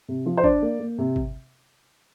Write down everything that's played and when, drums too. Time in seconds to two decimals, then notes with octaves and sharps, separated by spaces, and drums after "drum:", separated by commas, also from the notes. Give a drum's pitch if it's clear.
0.08 C3
0.26 F3
0.37 C5
0.44 D4 D5, drum: kick
0.62 A#3
0.80 A#3
0.98 C3
1.16 drum: kick